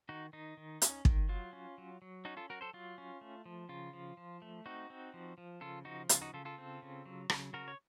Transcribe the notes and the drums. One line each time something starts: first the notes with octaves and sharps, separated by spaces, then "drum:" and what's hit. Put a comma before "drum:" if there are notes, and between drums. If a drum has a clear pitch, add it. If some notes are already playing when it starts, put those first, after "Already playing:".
D#3 D#4 F#4
D#3 D#4
D#3
C#4, drum: hi-hat
D#3, drum: kick
F#3 F4
C#4
F#3
F#3
C#4 D#4 F#4
F4 A4
F#3 F#4 A#4
A4 C5
F#3 F4
C#4
A3
F3
C#3 F4
F3
F3
A3
C4 D#4 F#4
C4
F3
F3
C#3 F4 A4
F3 D#4 F#4
C#3 F4, drum: hi-hat
D#4 F#4
C#3 F4 A4
F4 A4
C4
C#3
F#3
C#3, drum: rim click
C#3 F#4 A#4
C#5